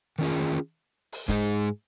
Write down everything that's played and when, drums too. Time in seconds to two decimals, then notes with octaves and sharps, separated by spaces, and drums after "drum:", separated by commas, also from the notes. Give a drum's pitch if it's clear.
0.19 D#3 C#4 F4 G#4
1.12 drum: open hi-hat
1.28 G#2 G#3 D#4 G#4, drum: kick